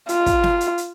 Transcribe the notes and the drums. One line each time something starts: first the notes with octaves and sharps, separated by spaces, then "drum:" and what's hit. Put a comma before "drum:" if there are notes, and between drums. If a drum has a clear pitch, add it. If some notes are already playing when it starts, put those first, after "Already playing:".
F4, drum: hi-hat
drum: kick, hi-hat
drum: snare
drum: hi-hat
drum: hi-hat